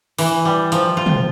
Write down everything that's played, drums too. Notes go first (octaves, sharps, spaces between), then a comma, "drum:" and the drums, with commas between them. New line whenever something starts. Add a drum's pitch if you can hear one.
E3, drum: open hi-hat
G3
F3, drum: hi-hat
F4
drum: tom